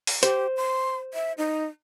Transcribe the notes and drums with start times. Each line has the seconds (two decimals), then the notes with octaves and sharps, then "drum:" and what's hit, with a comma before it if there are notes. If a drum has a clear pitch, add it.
0.07 drum: open hi-hat
0.23 G4 C5, drum: hi-hat
0.57 C6
1.14 E5
1.38 D#4